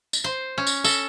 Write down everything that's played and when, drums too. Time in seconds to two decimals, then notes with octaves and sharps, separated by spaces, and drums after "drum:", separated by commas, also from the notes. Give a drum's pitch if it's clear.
0.13 drum: tambourine
0.24 C5
0.58 C#4
0.67 drum: tambourine
0.84 A4, drum: tambourine